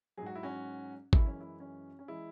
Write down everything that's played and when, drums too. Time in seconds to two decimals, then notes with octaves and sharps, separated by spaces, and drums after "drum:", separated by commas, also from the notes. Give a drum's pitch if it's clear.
0.17 G#2 F#3 G#4
0.26 F#4
0.35 E4
0.43 C#4 F#4
1.13 F#2 E3 G#3 E4, drum: kick G#1
1.26 C#4
1.40 E4
1.60 C#4
1.99 C#4
2.08 E3 G#3 E4